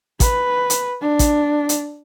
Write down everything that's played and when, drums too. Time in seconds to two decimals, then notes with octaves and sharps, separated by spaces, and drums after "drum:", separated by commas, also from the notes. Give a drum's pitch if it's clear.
0.20 B4, drum: kick, hi-hat
0.70 drum: hi-hat
1.01 D4
1.19 drum: kick, hi-hat
1.69 drum: hi-hat